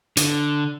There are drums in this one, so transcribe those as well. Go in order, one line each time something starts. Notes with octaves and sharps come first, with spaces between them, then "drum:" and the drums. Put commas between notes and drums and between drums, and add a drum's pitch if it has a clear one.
D3, drum: hi-hat